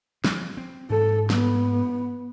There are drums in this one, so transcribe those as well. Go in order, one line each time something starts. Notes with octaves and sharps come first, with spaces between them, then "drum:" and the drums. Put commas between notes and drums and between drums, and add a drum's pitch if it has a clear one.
F3 C4, drum: snare
C4
G#2 A4
B3, drum: snare